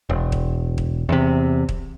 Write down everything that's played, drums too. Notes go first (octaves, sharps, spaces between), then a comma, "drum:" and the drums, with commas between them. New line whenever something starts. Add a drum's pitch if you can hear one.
E1
drum: kick
drum: kick
E2 C3
drum: kick